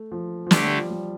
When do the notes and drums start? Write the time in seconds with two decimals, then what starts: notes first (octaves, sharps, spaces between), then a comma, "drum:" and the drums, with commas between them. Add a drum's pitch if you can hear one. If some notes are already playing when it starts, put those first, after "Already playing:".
Already playing: A3
0.12 F3
0.47 F3
0.51 D3 G3 A3 D4 G4, drum: snare
0.64 G3
0.77 F3
0.90 G3